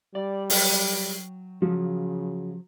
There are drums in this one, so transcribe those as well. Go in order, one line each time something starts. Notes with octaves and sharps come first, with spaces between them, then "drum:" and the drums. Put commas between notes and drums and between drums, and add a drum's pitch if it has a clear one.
G3 D5
F#3 G5, drum: open hi-hat
C#3 F3 F#3